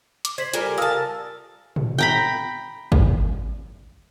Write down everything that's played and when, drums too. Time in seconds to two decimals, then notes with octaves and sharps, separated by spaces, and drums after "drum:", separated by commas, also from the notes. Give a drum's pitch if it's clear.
0.25 D6, drum: hi-hat
0.38 C5 G#6 B6 F#7
0.53 G3 F4 A4 A#4 D5 G#5, drum: hi-hat
0.78 A#4 F5 A5 D#6 E6
1.76 drum: tom A2
1.98 G5 A#5 B5
2.92 drum: kick G#1